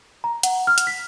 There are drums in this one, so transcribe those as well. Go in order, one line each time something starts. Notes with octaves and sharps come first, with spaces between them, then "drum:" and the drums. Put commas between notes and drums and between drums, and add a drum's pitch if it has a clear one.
A#5
F#5, drum: hi-hat
F6
drum: hi-hat
B6